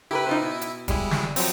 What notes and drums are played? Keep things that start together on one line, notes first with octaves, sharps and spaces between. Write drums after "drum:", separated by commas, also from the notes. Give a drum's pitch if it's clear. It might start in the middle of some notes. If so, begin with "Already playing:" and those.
E4 G4 A#4 B4
D#4 F4 C5
B2
drum: hi-hat
G3 G#3 E4, drum: kick, hi-hat
drum: snare
F3 F#3 C4, drum: open hi-hat